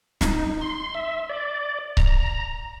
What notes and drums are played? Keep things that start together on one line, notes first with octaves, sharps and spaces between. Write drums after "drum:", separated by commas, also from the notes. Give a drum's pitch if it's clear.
D#4, drum: snare
C6
E5
D5
A#5, drum: kick C#1